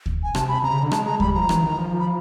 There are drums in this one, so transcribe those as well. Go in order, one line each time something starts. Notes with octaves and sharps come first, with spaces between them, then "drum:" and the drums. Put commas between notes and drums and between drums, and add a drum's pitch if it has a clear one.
drum: kick D2
G#5
C3 A5, drum: rim click
B5
C3 A#5
C#3
D3
G#3 A5, drum: rim click
G#3 A#5
G3 B5, drum: kick D2
F3 A#5
E3, drum: rim click
D#3
F3
B5